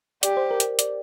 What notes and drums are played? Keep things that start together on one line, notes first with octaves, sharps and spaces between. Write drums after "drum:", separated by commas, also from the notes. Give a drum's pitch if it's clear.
G4 D5, drum: hi-hat
C5
A#4
drum: hi-hat
D5, drum: hi-hat